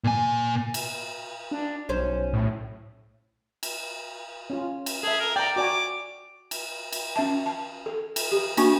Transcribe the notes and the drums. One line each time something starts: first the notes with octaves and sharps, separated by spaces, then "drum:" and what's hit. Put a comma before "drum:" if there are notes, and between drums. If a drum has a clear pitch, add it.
A#2 G#5
drum: cymbal
D4
B1 C#4 C5
A2
drum: cymbal
C#4 F4
drum: cymbal
G#4 A4 E5
A#4
D5 G5 A#5
F#4 D5 G#5 D6
drum: cymbal
drum: cymbal
C#4 E5 A5
A5
A4
drum: cymbal
G4
A#3 D4 F#4 G#5 C#6, drum: cymbal